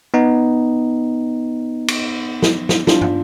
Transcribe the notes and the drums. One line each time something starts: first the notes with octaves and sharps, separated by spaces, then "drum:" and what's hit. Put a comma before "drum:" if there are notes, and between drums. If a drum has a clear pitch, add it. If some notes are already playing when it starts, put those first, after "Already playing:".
B3 D#4
drum: cymbal
drum: snare
drum: snare
D4 F4, drum: snare
drum: tom